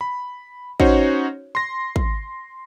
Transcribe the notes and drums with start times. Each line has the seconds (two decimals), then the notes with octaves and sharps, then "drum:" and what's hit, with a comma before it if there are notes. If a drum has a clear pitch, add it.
0.01 B5
0.80 C#4 D#4 F#4 C5 C#5, drum: kick
1.55 C6 A#6
1.96 drum: kick